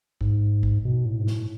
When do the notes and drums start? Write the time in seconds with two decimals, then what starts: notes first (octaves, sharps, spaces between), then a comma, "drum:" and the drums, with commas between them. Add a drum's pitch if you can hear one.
0.21 G#2, drum: kick
0.63 drum: kick
0.85 B2
1.06 A2
1.20 G#2
1.27 A2, drum: snare